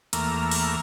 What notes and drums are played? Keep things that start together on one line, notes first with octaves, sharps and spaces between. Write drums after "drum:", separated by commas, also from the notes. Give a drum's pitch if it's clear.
E2 A3 A#3 A#5 E6 F6, drum: hi-hat
drum: open hi-hat